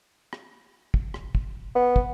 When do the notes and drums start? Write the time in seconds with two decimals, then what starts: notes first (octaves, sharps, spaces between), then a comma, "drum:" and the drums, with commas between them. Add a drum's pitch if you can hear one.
0.33 drum: rim click
0.94 drum: kick
1.14 drum: rim click
1.35 drum: kick
1.75 B3
1.96 drum: kick